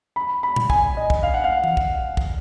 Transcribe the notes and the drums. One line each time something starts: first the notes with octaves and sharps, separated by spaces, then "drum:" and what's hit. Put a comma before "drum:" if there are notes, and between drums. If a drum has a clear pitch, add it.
B5
B5
drum: tom A#2
G#5, drum: kick
D#5
drum: kick
F5
F#5
F5
drum: tom E3
drum: kick
drum: kick